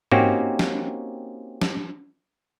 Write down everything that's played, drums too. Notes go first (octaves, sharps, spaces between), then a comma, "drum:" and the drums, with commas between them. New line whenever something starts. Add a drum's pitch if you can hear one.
A#3 C4 C#4 D#4 F#4 G4, drum: tom
drum: snare
drum: snare